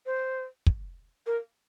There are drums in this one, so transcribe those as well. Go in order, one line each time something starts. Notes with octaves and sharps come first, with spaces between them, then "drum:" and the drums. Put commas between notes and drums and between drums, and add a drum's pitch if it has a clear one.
C5
drum: kick
A#4